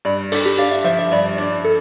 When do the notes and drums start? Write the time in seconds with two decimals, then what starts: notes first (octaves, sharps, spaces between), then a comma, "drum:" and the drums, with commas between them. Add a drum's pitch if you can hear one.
0.05 G2 D5
0.32 D4 A4, drum: open hi-hat
0.45 G4
0.58 D4 F5
0.71 E5
0.84 F3 E5
0.99 E5
1.12 G2 D5
1.38 D4
1.64 A4